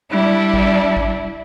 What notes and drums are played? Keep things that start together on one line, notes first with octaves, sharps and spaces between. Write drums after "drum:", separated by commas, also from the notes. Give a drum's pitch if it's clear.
G3 D4 E4
drum: kick G#1
drum: kick G#1